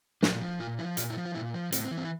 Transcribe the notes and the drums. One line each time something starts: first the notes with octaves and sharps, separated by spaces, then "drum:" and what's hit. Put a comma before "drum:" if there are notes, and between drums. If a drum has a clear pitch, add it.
A#2 D4, drum: snare
F3
A#2 F4
F3 E4
A#2 F4, drum: hi-hat
E4
F3
F4
A#2 E4
F3
A2 C4, drum: hi-hat
C4
E3
C4
E4